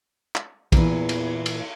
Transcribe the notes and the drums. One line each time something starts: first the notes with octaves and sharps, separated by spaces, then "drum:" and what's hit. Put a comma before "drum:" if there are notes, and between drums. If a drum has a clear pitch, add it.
drum: clap
E2 A#2 E3, drum: kick, cymbal
drum: cymbal
drum: cymbal